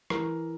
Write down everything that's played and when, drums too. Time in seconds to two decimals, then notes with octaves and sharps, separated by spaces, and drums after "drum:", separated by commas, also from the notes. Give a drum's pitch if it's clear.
0.10 E3 A#4, drum: rim click